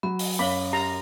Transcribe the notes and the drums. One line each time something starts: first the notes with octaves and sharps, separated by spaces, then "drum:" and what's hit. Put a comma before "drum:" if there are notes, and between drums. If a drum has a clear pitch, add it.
F#3 B5
drum: open hi-hat
F#2 C#5 F5 B5 D6
G4 A#5